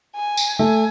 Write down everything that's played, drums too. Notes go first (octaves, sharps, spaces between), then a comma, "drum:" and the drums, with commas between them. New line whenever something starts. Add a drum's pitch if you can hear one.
G#5
drum: tambourine
A3 G#5